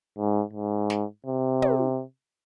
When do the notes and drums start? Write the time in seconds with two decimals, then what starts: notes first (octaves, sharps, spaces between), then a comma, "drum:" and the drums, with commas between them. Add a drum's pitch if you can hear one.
0.17 G#2
0.53 G#2
0.90 drum: snare
1.26 C3
1.62 drum: tom